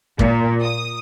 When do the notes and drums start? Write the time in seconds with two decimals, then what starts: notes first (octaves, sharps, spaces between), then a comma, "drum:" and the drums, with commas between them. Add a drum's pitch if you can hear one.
0.19 A#2, drum: kick
0.64 D#6